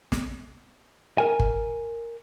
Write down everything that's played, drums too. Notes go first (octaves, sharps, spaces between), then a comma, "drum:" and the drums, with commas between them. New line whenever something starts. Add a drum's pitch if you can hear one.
drum: snare
A#4 G#5
drum: kick G1